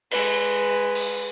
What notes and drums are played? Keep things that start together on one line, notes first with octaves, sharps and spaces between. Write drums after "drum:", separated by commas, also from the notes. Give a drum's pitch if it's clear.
G#3 B4, drum: cymbal
drum: open hi-hat